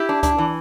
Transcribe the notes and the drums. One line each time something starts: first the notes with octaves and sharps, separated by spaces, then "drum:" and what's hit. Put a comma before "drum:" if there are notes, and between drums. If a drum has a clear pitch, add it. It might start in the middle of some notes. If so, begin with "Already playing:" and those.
Already playing: E4 G4
D4
D4, drum: kick C#2, hi-hat
E3